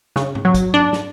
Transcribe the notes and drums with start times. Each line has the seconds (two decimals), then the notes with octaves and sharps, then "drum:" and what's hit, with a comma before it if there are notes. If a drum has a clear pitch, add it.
0.16 C#3, drum: snare
0.35 drum: tom G#2
0.45 F#3
0.54 drum: kick, hi-hat
0.74 D4, drum: tom G#2
0.93 drum: snare